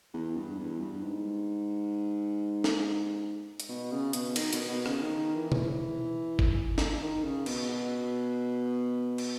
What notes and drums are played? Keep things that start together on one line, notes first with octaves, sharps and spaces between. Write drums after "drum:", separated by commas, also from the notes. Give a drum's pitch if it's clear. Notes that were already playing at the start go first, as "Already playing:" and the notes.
E2
G2
E2
G2
G#2
drum: snare
drum: hi-hat
B2
C#3
B2, drum: hi-hat
D#3, drum: cymbal
B2, drum: hi-hat
B2
C#3, drum: rim click
D#3
E3
drum: tom B2
drum: kick G#1
drum: snare
D#3
C#3
B2, drum: cymbal
B2
drum: cymbal